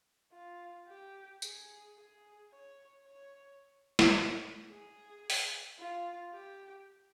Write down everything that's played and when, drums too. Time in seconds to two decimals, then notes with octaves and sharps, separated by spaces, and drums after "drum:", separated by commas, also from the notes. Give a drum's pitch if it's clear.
0.33 F4
0.88 G4
1.42 G#4, drum: tambourine
1.97 G#4
2.51 C#5
3.06 C#5
3.99 drum: snare
4.70 G#4
5.30 drum: open hi-hat
5.79 F4
6.33 G4